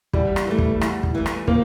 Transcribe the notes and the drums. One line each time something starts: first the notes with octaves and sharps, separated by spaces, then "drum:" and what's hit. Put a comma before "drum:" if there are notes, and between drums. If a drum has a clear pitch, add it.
E2 G3, drum: kick
drum: rim click
E3 A3
drum: kick
E2, drum: rim click
drum: kick
E3 A3
drum: rim click
F3 A#3, drum: kick